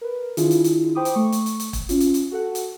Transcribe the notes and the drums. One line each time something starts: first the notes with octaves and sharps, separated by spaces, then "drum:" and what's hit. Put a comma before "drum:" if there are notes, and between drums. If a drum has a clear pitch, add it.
A#4 B4
D#3 D4 E4 F4 G#4, drum: hi-hat
drum: hi-hat
drum: hi-hat
C5 G5 B5 D6 D#6
drum: hi-hat
A3 C#6
drum: hi-hat
drum: hi-hat
drum: hi-hat
drum: kick, hi-hat
C#4 F4, drum: hi-hat
drum: hi-hat
drum: hi-hat
F#4 A4 F#5
drum: hi-hat